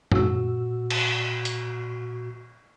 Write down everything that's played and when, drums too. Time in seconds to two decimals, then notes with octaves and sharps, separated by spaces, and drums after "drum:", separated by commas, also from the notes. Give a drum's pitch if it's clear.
0.12 A#2 F#4 E6, drum: tom
0.90 drum: cymbal
1.45 drum: hi-hat